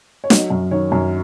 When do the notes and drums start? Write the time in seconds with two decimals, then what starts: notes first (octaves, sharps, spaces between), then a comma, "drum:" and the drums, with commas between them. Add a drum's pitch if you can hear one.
0.24 C#5
0.30 F#3 D#5, drum: snare
0.50 F#2
0.71 D#3 C#5
0.92 F#2